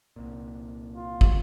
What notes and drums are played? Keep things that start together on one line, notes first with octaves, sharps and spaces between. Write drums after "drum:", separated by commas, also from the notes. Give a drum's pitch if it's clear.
C2 A#2
F4
drum: kick